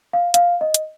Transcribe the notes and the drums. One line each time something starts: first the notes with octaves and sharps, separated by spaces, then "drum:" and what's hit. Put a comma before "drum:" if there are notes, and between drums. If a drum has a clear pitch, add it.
F5
F5, drum: hi-hat
D#5
drum: hi-hat